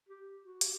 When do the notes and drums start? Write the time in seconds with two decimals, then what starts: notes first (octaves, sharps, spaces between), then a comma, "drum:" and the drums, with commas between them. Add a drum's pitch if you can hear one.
0.09 G4
0.44 F#4
0.61 G4, drum: hi-hat